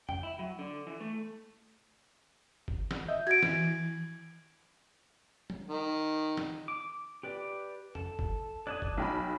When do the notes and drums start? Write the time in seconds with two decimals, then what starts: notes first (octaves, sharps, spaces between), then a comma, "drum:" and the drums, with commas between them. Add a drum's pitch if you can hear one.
0.09 G5, drum: tom F2
0.23 E4
0.39 F#3
0.59 D3
0.87 E3
1.00 A3
2.68 drum: kick
2.91 drum: snare
3.08 D#5 E5 G6
3.27 F#4 G#6 D7, drum: cymbal
3.43 E3, drum: snare
5.50 drum: tom
5.68 D#3
6.37 drum: snare
6.68 D6
7.23 G4 B4 D5
7.95 A4, drum: tom F2
8.19 drum: kick
8.67 D5 A5 D#6 F#6 G#6
8.82 drum: kick
8.97 B1 G5 B5